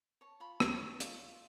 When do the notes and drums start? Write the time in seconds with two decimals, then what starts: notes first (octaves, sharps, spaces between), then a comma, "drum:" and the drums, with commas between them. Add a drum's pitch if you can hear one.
0.21 C#5 A5
0.40 F4 B5
0.60 C#5 C#6, drum: rim click
0.81 C#5
1.00 F4, drum: hi-hat
1.20 F4